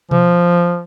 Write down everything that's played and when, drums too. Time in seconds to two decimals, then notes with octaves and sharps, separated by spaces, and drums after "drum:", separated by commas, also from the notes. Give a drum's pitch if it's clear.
0.11 F3, drum: tom B2